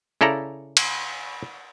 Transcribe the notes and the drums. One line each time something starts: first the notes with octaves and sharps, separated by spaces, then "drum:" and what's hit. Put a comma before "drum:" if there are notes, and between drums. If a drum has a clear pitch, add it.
C#3 E4 A4 D5 A#5
drum: cymbal